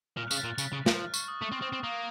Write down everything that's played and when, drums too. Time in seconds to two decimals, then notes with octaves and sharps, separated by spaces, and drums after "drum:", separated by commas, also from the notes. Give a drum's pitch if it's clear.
0.17 A#2 F6
0.27 F#6
0.31 C#3, drum: tambourine
0.37 A6
0.44 A#2
0.58 C#3, drum: tambourine
0.72 C#3
0.86 F3, drum: snare
1.00 F6
1.14 C#6, drum: tambourine
1.28 D#6
1.41 A3 C#6
1.52 C4
1.57 F6
1.62 C4 D#6
1.73 C4
1.83 A#3 D#6